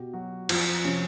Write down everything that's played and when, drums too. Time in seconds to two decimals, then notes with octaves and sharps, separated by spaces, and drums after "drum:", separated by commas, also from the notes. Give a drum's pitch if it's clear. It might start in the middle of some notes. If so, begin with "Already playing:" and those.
Already playing: B2 G4
0.13 F#3 F#4
0.49 F2 F4, drum: cymbal
0.85 C3 F3 C#4